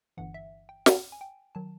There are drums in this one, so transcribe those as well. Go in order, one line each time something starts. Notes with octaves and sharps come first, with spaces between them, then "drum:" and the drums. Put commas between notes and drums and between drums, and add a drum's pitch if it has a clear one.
G1 G2 E3 F#5
E5
G5
drum: snare
G#5
G5
D#3 F#3 A5